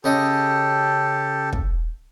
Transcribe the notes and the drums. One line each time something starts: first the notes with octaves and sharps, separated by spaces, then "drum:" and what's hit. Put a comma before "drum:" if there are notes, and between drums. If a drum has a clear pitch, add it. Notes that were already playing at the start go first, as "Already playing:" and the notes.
C#3 G4 A4 D#5
drum: kick